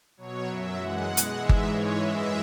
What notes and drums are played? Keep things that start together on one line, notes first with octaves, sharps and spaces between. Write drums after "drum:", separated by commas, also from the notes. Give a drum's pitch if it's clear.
B2 F#3 C#5
F#2 F#3 E5
F#2 E3 G#3 F#5
B2 G#3
drum: hi-hat
G#2 E3 G#3 E5
drum: kick G1
G#2 E3 G#3 C#5
F#2 E3 G#3 E5